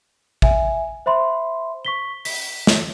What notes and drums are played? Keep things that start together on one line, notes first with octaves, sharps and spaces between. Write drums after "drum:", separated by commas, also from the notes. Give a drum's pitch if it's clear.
E5 G#5, drum: kick A1
C5 E5 B5 C6
C#6 B6 G7
B6, drum: open hi-hat
drum: snare